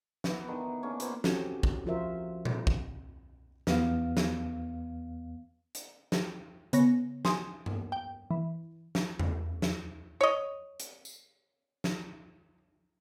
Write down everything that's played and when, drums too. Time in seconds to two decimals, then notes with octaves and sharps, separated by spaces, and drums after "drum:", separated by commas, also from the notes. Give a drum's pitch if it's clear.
0.24 E3 B3, drum: snare
0.48 D3 D#3
0.83 D3 A#3 C#4
1.00 A#2 B3 C5, drum: hi-hat
1.24 C4 C#4 F#4 G4 A4, drum: snare
1.63 drum: kick
1.86 F3 F4 F#4 A#4 C5 E5
2.45 drum: tom A#2
2.67 drum: kick
3.67 E2 B3 F5, drum: snare
4.17 drum: snare
5.75 drum: hi-hat
6.12 drum: snare
6.73 C#3 B3 C#5 A#6, drum: hi-hat
7.25 G#5 C6 D#6, drum: snare
7.66 drum: tom G2
7.92 G5
8.31 E3
8.95 drum: snare
9.19 drum: tom E2
9.62 drum: snare
10.21 C#5 D#5
10.80 drum: hi-hat
11.05 drum: tambourine
11.84 drum: snare